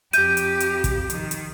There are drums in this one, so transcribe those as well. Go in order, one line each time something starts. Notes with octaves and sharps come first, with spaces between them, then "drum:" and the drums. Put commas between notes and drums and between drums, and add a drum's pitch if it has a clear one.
F2 G4 G6 D#7, drum: hi-hat
drum: hi-hat
drum: hi-hat
drum: kick, hi-hat
D#3, drum: hi-hat
drum: hi-hat